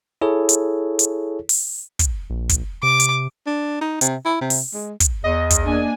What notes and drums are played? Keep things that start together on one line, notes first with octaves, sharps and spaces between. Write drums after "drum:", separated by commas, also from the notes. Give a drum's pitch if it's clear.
E4 G#4 A4 C#5
drum: hi-hat
drum: hi-hat
drum: open hi-hat
drum: kick, hi-hat
A#1
drum: kick, hi-hat
C3 D6
drum: hi-hat
D4
D#4
C3, drum: hi-hat
E4
C3
drum: open hi-hat
G#3
drum: kick, hi-hat
E2 D#5
drum: kick, hi-hat
A#3 D4 G#5